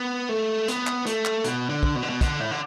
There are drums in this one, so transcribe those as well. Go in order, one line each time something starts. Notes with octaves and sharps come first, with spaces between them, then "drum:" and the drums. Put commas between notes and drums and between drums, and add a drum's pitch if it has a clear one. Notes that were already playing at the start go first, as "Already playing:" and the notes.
Already playing: B3
A3
B3, drum: hi-hat
drum: clap
A3, drum: hi-hat
drum: clap
B2, drum: hi-hat
D3
drum: kick
B2
D3
B2
D3, drum: kick, hi-hat
A2
D3